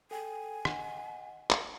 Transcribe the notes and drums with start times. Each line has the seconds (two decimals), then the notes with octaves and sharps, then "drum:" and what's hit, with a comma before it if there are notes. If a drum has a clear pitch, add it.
0.11 A4 G5 G#5
0.65 D#5 F#5, drum: rim click
1.51 drum: clap